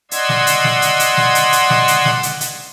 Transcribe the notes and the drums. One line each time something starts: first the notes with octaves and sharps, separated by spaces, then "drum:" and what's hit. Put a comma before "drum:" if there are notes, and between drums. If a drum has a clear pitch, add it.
D5 D#5 F#5 C6 E6 G#6, drum: hi-hat
drum: snare
drum: hi-hat
drum: snare
drum: hi-hat
drum: hi-hat
drum: snare
drum: hi-hat
drum: hi-hat
drum: snare
drum: hi-hat
drum: snare
drum: hi-hat
drum: hi-hat